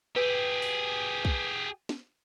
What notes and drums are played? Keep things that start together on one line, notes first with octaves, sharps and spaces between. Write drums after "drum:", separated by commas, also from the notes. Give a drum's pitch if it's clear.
G4 G#4 B4
drum: open hi-hat
drum: kick
drum: snare